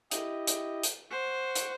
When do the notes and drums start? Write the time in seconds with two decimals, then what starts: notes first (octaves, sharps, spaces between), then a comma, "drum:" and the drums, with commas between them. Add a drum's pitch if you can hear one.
0.11 E4 G4 D#5, drum: hi-hat
0.47 drum: hi-hat
0.83 drum: hi-hat
1.11 C5 F#5 C#6
1.55 drum: hi-hat